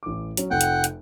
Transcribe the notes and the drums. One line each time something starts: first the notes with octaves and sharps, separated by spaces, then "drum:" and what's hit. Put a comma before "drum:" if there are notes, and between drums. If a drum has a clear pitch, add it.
A1 D6
F#3 C#4, drum: hi-hat
F1 F2 F#5 G5
drum: hi-hat
drum: hi-hat